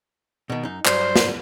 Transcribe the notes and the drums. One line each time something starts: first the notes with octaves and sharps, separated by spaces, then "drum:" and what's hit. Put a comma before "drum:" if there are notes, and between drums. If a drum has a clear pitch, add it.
B2 D#3
F#2 D#4
G2 F#3 C5, drum: clap
drum: snare